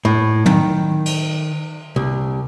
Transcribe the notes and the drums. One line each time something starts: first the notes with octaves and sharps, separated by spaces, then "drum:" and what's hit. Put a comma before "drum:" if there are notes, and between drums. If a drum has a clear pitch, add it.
A2
D#3, drum: tom
drum: cymbal
C2